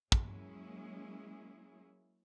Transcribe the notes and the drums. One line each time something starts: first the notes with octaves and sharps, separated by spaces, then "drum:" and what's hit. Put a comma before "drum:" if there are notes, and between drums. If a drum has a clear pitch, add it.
F#3 G#3 A#3 C#4 E4 G#4, drum: kick